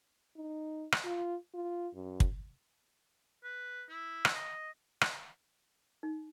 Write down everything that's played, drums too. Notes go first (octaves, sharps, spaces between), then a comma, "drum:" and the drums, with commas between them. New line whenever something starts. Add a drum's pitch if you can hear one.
D#4
drum: rim click
F4
F4
F#2
drum: kick
B4
E4
drum: rim click
D#5
drum: rim click
D#4